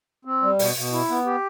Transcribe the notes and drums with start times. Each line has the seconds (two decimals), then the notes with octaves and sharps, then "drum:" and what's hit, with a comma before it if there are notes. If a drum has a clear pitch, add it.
0.25 C4
0.42 G3
0.59 B2, drum: open hi-hat
0.76 B2
0.92 E4
1.10 B3
1.25 G4